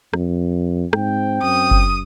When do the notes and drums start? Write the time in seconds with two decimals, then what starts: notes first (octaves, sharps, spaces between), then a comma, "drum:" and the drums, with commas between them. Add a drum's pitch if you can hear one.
0.13 F2, drum: rim click
0.93 G#2 C4 G5, drum: rim click
1.43 F#2 D#6
1.71 drum: kick F#1